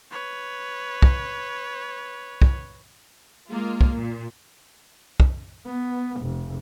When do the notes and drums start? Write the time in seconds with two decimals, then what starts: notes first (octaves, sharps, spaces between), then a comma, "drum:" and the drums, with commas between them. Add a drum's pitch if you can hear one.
0.11 B4 C#5
1.02 drum: kick
2.42 drum: kick
3.49 G#3 A#3 F4
3.81 drum: kick
3.94 A#2
5.20 drum: kick
5.66 B3
6.21 F1